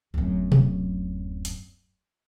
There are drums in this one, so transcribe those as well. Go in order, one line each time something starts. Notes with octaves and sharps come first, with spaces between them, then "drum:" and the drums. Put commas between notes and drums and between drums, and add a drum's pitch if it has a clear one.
D1 F#2
drum: tom B2
drum: hi-hat